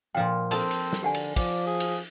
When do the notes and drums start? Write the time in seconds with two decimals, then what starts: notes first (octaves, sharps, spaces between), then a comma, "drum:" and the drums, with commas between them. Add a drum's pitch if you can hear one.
0.15 A#2 F3 F5 G5
0.51 C4 A4 A5 C6, drum: cymbal
0.71 drum: cymbal
0.93 drum: snare
1.03 D3 G4 F#5 G#5
1.15 drum: cymbal
1.36 F3 D5, drum: kick, cymbal
1.67 G#4
1.80 drum: cymbal